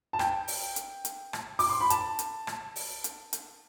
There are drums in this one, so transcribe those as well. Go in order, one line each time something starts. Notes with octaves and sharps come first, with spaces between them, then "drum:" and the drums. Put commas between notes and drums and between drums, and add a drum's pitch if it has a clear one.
A5
G5, drum: rim click
drum: open hi-hat
drum: hi-hat
drum: hi-hat
drum: rim click
D6, drum: open hi-hat
C6
B5
A5, drum: hi-hat
drum: hi-hat
drum: rim click
drum: open hi-hat
drum: hi-hat
drum: hi-hat